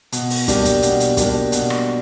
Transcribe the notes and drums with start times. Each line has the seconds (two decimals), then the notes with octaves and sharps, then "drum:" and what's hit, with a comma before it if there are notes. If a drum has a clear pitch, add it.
0.12 B2, drum: hi-hat
0.30 drum: open hi-hat
0.48 G3 A#3 D4 G4, drum: kick, hi-hat
0.65 drum: kick, hi-hat
0.82 B2, drum: hi-hat
1.00 drum: hi-hat
1.17 G3 A#3 D4 G4, drum: kick, hi-hat
1.52 B2, drum: hi-hat
1.70 drum: rim click